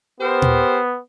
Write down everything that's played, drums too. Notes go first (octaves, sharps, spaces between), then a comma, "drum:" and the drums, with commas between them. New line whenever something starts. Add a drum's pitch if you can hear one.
B3 G4 A#4 C5
drum: tom A#2